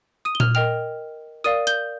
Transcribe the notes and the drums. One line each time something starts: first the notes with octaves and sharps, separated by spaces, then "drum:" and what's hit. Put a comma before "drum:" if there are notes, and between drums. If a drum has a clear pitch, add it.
D#6 D#7
G7
F6 F7, drum: tom A#2
A#4 D#5 G5 F6 F7
A#4 D5 F5 D#6 D#7
G6 G7, drum: hi-hat